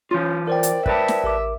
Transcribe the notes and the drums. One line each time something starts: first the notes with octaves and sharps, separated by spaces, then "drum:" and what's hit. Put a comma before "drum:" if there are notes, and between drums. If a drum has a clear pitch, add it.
E3 C#4 F4
A#4 C5 D5 G5
drum: hi-hat
B4 D5 E5 A5, drum: kick
drum: snare
A1 A#4 D6